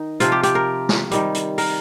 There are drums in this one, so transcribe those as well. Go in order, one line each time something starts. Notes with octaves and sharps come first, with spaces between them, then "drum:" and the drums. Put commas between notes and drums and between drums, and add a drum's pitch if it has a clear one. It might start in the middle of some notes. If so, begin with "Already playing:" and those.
Already playing: D#3 D#4
C3 F3 F4, drum: hi-hat
G4
G4, drum: hi-hat
A#4
drum: snare
C3 D#3 G3, drum: hi-hat
drum: hi-hat
A#4, drum: open hi-hat